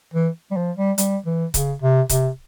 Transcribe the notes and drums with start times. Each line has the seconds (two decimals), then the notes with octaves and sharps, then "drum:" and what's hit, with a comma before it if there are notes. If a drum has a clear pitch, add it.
0.14 E3
0.51 G3
0.57 F3
0.77 G3
0.98 G3, drum: hi-hat
1.26 E3
1.54 C#3, drum: kick C#1, hi-hat
1.82 C3
2.09 C3, drum: kick C#1, hi-hat